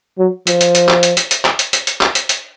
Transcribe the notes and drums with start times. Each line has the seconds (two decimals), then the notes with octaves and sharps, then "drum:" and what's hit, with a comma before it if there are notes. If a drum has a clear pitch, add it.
0.18 F#3
0.47 F3, drum: hi-hat
0.61 drum: hi-hat
0.75 drum: hi-hat
0.89 drum: clap
1.03 drum: hi-hat
1.17 drum: hi-hat
1.31 drum: hi-hat
1.45 drum: clap
1.59 drum: hi-hat
1.73 drum: hi-hat
1.87 drum: hi-hat
2.01 drum: clap
2.15 drum: hi-hat
2.29 drum: hi-hat